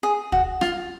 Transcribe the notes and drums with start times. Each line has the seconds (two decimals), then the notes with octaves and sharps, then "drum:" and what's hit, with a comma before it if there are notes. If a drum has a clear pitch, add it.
0.03 G#4
0.32 F#4, drum: kick D2
0.61 F4, drum: rim click